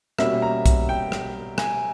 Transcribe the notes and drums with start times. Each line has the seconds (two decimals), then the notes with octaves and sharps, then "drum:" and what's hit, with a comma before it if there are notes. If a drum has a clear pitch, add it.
0.19 B2 G3 A#3 C#4 E5, drum: rim click
0.42 A#5
0.66 drum: kick B1, hi-hat
0.89 G5
1.12 drum: rim click
1.58 G#5, drum: rim click